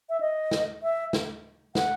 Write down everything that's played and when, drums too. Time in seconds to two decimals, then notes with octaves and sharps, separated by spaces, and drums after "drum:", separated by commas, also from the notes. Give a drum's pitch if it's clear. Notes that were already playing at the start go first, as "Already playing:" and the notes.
0.09 E5
0.20 D#5
0.51 drum: snare
0.83 E5
1.13 drum: snare
1.75 F#5, drum: snare